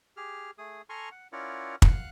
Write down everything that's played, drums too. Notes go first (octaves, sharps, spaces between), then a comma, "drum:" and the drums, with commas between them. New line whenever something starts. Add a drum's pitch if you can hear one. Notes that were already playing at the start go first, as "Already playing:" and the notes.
G4 G#4 F6
A3 G#4 D#6
A4 G#5 A#5 C6 C#6 F6
F#5
C#4 E4 F4 A#4 D5 F#5
F5 F#5 F#6, drum: kick